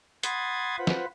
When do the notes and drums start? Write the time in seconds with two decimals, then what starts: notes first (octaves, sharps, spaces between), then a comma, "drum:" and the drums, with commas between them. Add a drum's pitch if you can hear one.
0.23 F#5 B5 C6 D#6 G#6 A6, drum: hi-hat
0.78 F4 B4 C5 F#5 B5
0.87 drum: snare